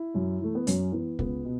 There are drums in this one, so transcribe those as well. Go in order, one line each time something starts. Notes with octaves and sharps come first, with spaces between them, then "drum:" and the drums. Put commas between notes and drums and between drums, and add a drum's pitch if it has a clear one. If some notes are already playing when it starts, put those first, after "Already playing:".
Already playing: E4
F#2
E3 A3
B3
F#2 C#4, drum: hi-hat
E3 B3
C#2 B3, drum: kick
B2